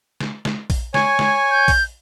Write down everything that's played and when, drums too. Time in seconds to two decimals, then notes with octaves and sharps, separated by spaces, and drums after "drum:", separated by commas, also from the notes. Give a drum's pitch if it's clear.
0.20 drum: snare
0.45 drum: snare
0.70 drum: kick A#1, open hi-hat
0.94 C#5 G#5, drum: snare
1.19 drum: snare
1.51 G6
1.68 drum: kick A#1, open hi-hat